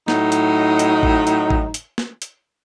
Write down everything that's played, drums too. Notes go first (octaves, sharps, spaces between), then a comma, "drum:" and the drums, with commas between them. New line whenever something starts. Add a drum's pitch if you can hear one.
A2 F#3 D#4, drum: snare
drum: hi-hat
drum: hi-hat
drum: kick
drum: hi-hat
drum: kick
drum: hi-hat
drum: snare
drum: hi-hat